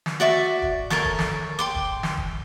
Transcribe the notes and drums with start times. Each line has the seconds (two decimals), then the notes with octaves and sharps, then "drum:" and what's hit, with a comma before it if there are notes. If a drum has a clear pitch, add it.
0.06 drum: snare
0.20 F#4 D5 E5 C#6
0.62 drum: kick
0.90 A4 A#4 C#5 A5, drum: snare
1.05 drum: kick
1.19 drum: snare
1.59 G5 C6 D6
1.75 drum: kick
2.03 drum: snare
2.17 drum: kick